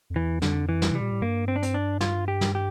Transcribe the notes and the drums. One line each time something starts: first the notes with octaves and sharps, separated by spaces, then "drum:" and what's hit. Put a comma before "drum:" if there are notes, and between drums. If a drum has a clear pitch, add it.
F2
E2 E3
F2 D3, drum: snare
E3
drum: snare
C3 G3
A#2
A2
G2 A#3
C4
D4
C4, drum: hi-hat
D4
F4, drum: snare
G4
drum: snare
G4